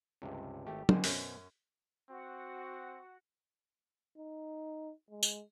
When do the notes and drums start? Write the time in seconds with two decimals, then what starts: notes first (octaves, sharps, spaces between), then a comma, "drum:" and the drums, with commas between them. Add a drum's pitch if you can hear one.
0.22 C#2 G2 C3
0.67 G#1 A3 G4
0.89 B2 D3 D#3 C4 C5 G#5, drum: tom
1.04 F#2 C#4, drum: open hi-hat
2.09 C4 F#4
4.18 D#4
5.10 G#3
5.23 drum: tambourine